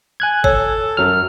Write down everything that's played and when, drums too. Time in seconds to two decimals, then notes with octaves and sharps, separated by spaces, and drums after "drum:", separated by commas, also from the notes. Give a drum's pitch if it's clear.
0.20 G#5 F#6 G#6
0.44 A4 C#5, drum: kick G#1
0.97 F#2 F#3 F6